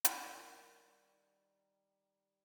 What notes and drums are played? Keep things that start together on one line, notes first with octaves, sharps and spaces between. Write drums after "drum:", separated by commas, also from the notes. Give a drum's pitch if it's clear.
D#3 G3, drum: hi-hat